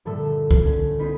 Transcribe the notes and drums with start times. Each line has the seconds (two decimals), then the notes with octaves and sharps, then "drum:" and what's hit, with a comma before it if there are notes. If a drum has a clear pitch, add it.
0.05 A#1 G2 D3 A4 E5 E6
0.51 drum: kick
0.64 D3 A3 C#4
0.99 B3 C#4 D#4 F4 C5 B5